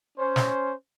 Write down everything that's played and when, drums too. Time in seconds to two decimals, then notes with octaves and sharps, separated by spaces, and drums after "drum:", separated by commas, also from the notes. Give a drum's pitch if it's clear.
0.18 C#4 C5
0.36 drum: snare